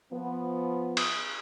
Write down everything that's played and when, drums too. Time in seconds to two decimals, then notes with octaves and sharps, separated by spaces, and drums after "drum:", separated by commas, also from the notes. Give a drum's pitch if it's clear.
0.12 F3 B3
0.97 drum: cymbal